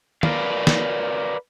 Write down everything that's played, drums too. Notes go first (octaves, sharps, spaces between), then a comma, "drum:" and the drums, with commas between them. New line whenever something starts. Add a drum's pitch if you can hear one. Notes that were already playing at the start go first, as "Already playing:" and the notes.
A#4 B4 D5 F5, drum: tom D#3
drum: snare